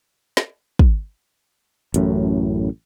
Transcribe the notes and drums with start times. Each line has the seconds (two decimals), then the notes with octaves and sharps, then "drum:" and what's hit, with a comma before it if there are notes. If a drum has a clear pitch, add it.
0.37 drum: snare
0.79 drum: kick
1.94 A1 F#2 A2, drum: hi-hat